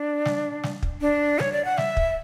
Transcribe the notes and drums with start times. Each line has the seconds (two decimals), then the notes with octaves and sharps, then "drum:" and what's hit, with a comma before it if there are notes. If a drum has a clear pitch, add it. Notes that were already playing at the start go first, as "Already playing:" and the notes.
Already playing: D4
0.25 drum: snare
0.63 drum: snare
0.82 drum: kick
1.01 D4
1.40 C#5, drum: snare
1.53 D5
1.65 F#5
1.78 E5, drum: snare
1.97 drum: kick